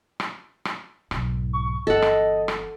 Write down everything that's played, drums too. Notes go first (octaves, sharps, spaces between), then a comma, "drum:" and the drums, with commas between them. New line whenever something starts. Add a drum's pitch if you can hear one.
drum: rim click
drum: rim click
B1 G#2, drum: rim click
C#6
G1 E3 A4 D#5 F#5
drum: rim click
drum: rim click